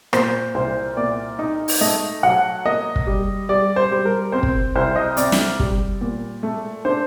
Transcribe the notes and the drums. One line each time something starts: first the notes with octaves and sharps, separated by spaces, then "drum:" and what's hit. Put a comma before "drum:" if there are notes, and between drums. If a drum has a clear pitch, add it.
A#2 C5, drum: rim click
C2 C5
A#2 D5
D#4
drum: open hi-hat
A3 D#5
F#3 F#5
A#3 D#5
drum: kick
G3
G3 D5
C5
G3
A#4
C4 C5
drum: kick
C2 C5
D#5
C4 D5, drum: hi-hat
drum: snare
G3, drum: kick
A#2
A3
D4 C5